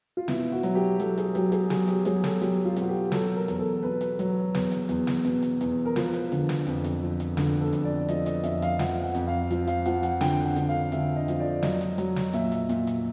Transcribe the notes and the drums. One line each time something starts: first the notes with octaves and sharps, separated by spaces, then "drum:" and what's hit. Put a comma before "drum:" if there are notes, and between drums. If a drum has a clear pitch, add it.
F4
B2 E4, drum: snare
F#4
F#3, drum: hi-hat
G4
F#3 A4, drum: hi-hat
G#4, drum: hi-hat
F#3 G4, drum: hi-hat
G#4, drum: hi-hat
F#3 G#4, drum: snare
G4, drum: hi-hat
F#3 G#4, drum: hi-hat
A4, drum: snare
F#3 G4, drum: hi-hat
F4
B2 F#4, drum: hi-hat
G4
F#3 A4, drum: snare
A#4
E2, drum: hi-hat
A4
B2 B4
drum: hi-hat
F#3, drum: hi-hat
E2, drum: snare
drum: hi-hat
E2, drum: hi-hat
drum: snare
B2, drum: hi-hat
drum: hi-hat
E2, drum: hi-hat
A#4
F3 B4, drum: snare
drum: hi-hat
D3, drum: hi-hat
drum: snare
F2, drum: hi-hat
drum: hi-hat
F3
drum: hi-hat
D3 A4, drum: snare
A4
F2, drum: hi-hat
D5
F3 D#5, drum: hi-hat
D#5, drum: hi-hat
F2 E5, drum: hi-hat
F5, drum: hi-hat
F3 F#5, drum: snare
F#5
F2, drum: hi-hat
F5
F3, drum: hi-hat
F5, drum: hi-hat
F3 F#5, drum: hi-hat
F#5, drum: hi-hat
D3 G5, drum: snare
F#5
D3, drum: hi-hat
F5
D3 E5, drum: hi-hat
D#5
F3, drum: hi-hat
D5
F#3 D#5, drum: snare
drum: hi-hat
F#3, drum: hi-hat
drum: snare
A#2 E5, drum: hi-hat
drum: hi-hat
A#2, drum: hi-hat
drum: hi-hat